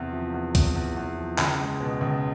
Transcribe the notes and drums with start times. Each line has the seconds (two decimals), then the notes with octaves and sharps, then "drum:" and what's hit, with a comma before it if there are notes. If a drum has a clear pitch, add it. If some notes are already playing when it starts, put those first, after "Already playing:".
Already playing: E2 C3
0.13 F3
0.34 E2
0.55 E2, drum: kick, hi-hat
0.75 E2
0.96 E2
1.18 F3
1.38 C#2, drum: clap
1.60 G#3
1.80 B2
2.01 C#2